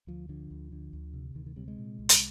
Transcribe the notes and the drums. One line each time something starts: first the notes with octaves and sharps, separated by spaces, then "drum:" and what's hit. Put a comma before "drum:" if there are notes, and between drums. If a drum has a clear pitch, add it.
D2 F3
D3 F3
D2
D3
D2
C3
D2 D#3
D#3
C3 G3
G#3
A#2
C2
drum: hi-hat